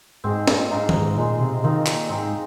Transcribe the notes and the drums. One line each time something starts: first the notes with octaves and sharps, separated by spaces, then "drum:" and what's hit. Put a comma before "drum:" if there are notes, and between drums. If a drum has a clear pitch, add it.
G#2 C4 G#4 D#5
A#2, drum: snare
G#2 D#4 G#4 C5 F5
F2, drum: tom D#3
G#2
A#2 G#3 D#4 C5
C3
D#3 F3 C4 D#4
A#2, drum: clap
G#2 C4 D#4 G#4